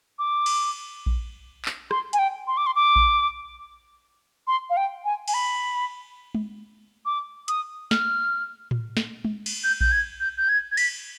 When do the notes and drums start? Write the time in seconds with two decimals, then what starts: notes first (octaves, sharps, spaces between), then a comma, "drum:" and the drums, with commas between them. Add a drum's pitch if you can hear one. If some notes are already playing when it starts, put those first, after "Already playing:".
0.19 D6
0.46 drum: cymbal
1.06 drum: kick A#1
1.65 drum: clap
1.91 C6, drum: rim click
2.13 G#5, drum: hi-hat
2.19 G5
2.47 C6
2.57 D6
2.66 C6
2.76 D6
2.96 drum: kick A#1
4.47 C6
4.70 F5
4.77 G5
5.05 G#5
5.28 G#5, drum: cymbal
5.34 B5
6.35 drum: tom G#3
7.06 D6
7.48 D#6, drum: hi-hat
7.91 F6, drum: snare
8.71 drum: tom A2
8.97 drum: snare
9.25 drum: tom G#3
9.46 drum: cymbal
9.64 G6
9.81 G6, drum: kick A#1
9.92 G#6
10.20 G6
10.38 G6
10.49 G#6
10.72 G#6
10.77 B6, drum: cymbal